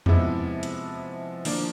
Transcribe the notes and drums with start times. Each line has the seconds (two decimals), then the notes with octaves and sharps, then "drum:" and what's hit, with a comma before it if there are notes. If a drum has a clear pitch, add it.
0.06 C3 F3 G#3 B3 E4, drum: tom E2
0.63 drum: hi-hat
1.45 F3 A#3 D4, drum: open hi-hat